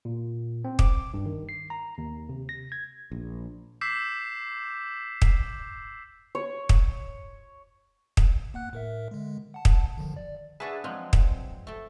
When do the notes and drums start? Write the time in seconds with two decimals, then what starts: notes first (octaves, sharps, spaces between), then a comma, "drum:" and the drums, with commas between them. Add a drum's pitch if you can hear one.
0.05 A#2
0.65 C4
0.79 D6, drum: kick
1.14 G2
1.26 D#3
1.49 C7
1.70 A#5
1.98 D#2
2.29 C3
2.49 A#6
2.72 G#6
3.12 A#1
3.81 D6 E6 G6 B6 C7 E7
5.22 drum: kick
6.35 C#5
6.69 drum: kick
8.17 drum: kick
8.54 A#3 F#5 F#6
8.73 A2 A#4 E5
9.11 D3 G#3
9.54 F#5 A5
9.65 drum: kick
9.98 D3 D#3 F3
10.16 D5
10.60 D4 F#4 G#4 B4 E5 A5
10.84 F3 F#3 G#3 C4
11.13 drum: kick
11.67 A3 A4